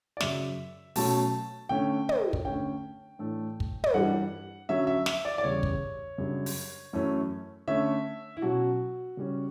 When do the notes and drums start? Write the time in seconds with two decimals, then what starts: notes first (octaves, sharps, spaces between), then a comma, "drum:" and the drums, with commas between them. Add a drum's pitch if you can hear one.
0.17 D5
0.21 F#2 C#3 F#3 E5, drum: snare
0.95 B2 F#3 A3 C#4 A5, drum: open hi-hat
1.69 D3 A3 C#4 G5
2.09 drum: tom
2.33 drum: kick
2.45 D3 A3 C#4 G5
3.19 A2 E3 A3 D4
3.60 drum: kick
3.84 drum: tom
3.94 G2 E3 G3 F#5
4.69 D3 F#3 C#4 E5
4.87 E5
5.06 E5, drum: snare
5.25 D5
5.38 D5
5.43 E2 C#3 G3 C#5
5.63 drum: kick
6.18 F#2 C#3 G3 D4
6.46 drum: open hi-hat
6.93 F#2 E3 A3 C#4
7.68 D3 A3 C#4 E5
8.37 E4
8.42 B2 F#3 C#4 F#4
9.17 C#3 G3 C#4